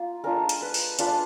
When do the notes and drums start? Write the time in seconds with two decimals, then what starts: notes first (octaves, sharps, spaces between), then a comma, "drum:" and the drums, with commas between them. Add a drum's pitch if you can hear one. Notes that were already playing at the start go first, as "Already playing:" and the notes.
Already playing: A#3 F4
0.24 G#3 D4 F4 A#4
0.49 drum: hi-hat
0.62 B4
0.74 drum: open hi-hat
0.99 G#3 D4 F4 B4, drum: hi-hat
1.06 D5